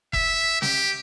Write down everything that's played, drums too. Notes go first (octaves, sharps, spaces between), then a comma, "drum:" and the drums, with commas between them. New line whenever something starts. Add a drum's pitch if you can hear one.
E5, drum: kick F#1
G4, drum: snare